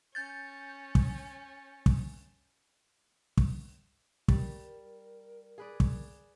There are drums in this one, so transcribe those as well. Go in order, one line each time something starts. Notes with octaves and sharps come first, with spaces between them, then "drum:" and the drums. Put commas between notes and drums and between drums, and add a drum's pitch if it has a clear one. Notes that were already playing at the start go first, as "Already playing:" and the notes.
C#4 G6 A6
drum: kick
drum: kick
drum: kick
G3 A#4, drum: kick
G#4 B4 D5
drum: kick